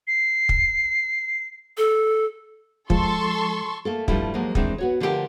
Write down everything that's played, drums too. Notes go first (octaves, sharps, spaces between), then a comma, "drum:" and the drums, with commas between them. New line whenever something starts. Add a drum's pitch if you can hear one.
C7
drum: kick
A4
F3 G#3 A4 C6 C#6, drum: kick
A3 A#3 A4
G2 C#3 F3 G3 A3 E4, drum: kick
F3 F#3 G#3 A#3
D#3 E3 G#3 C4 D4, drum: kick
B3 F#4 C#5
D3 F3 A3 C4 G4 A#4